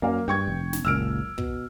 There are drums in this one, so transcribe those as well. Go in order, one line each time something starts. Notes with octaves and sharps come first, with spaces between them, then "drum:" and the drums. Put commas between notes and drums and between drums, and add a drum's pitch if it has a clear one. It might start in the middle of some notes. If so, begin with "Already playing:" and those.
F#2 A#3 A#4 F5
G2 G5 C#6 G#6
F1
drum: snare
F#1 C#2 A#2 E6 F6 D7
B2, drum: kick